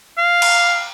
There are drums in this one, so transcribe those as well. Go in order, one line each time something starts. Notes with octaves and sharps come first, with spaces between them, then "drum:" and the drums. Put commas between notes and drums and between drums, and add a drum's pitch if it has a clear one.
F5
drum: cymbal